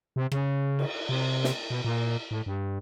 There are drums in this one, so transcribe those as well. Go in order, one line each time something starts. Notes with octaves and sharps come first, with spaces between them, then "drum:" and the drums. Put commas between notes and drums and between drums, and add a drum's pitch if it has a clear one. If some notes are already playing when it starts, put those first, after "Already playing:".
C3
C#3, drum: rim click
drum: cymbal
C3
drum: snare
B2
A#2
A2
G2